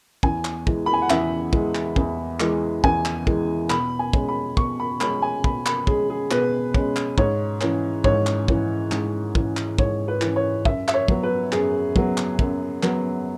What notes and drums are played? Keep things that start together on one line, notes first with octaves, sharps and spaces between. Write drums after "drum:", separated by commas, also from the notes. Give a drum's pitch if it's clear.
E2 G#5, drum: kick
drum: clap
E3 G#3, drum: kick
B5
G#5
F#5
E2 E5, drum: clap
E3 G#3, drum: kick
drum: clap
E2, drum: kick
E3 G#3, drum: clap
E2 G#5, drum: kick
drum: clap
E3 G#3, drum: kick
B2 B5, drum: clap
G#5
G#3 C#4, drum: kick
B5
B2 C#6, drum: kick
B5
G#3 C#4 B5, drum: clap
G#5
B2 B5, drum: kick
B5, drum: clap
G#3 C#4 G#4, drum: kick
G#4
B2 B4, drum: clap
G#3 C#4, drum: kick
drum: clap
G#2 C#5, drum: kick
E3 C#4, drum: clap
G#2 C#5, drum: kick
drum: clap
E3 C#4, drum: kick
G#2, drum: clap
E3 C#4, drum: kick
drum: clap
G#2 C#5, drum: kick
B4
E3 C#4, drum: clap
C#5
F#2 E5, drum: kick
E5, drum: clap
C#5
F#3 B3, drum: kick
B4
F#2 G#4, drum: clap
F#3 B3, drum: kick
drum: clap
F#2, drum: kick
F#3 B3, drum: clap